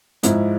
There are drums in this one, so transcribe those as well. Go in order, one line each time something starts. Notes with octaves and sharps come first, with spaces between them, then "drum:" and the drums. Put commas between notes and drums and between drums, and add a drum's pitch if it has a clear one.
G#2 F3 G#3 E4, drum: hi-hat